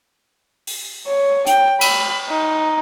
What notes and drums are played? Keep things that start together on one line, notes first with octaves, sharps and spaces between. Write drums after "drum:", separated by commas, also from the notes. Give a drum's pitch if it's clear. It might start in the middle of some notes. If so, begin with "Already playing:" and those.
drum: open hi-hat
C#5
G5, drum: hi-hat
B5, drum: cymbal
D#4